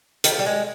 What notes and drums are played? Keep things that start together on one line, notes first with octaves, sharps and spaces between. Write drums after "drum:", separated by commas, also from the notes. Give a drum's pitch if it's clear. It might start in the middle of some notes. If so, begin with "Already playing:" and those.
D#3, drum: hi-hat
F3
G3
G#3